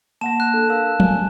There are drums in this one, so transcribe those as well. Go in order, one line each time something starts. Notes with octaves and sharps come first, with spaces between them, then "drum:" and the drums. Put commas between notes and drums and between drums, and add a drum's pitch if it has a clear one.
A#3 F#5 A5 A#6 E7
F#6
D4 A4
A#4 F5 E6
A3 G#5, drum: tom